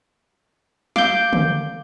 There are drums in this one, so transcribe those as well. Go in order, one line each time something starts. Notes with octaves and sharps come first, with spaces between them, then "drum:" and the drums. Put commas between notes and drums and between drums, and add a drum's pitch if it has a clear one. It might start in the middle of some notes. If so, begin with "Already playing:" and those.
F5 D6 G6, drum: snare
drum: tom D3